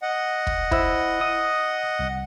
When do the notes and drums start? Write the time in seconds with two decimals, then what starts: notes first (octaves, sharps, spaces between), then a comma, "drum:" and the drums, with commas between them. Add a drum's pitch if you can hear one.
0.02 D#5 F#5
0.47 drum: kick
0.71 E4 C5 E6, drum: kick
1.21 D#6
1.99 C2